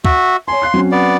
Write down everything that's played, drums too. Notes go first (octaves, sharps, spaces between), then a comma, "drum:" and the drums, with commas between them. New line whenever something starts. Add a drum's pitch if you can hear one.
F#4 E5, drum: kick
C#5 G#5 C6
F5 F#6 C7
F#3 C4 C#4
B3 D5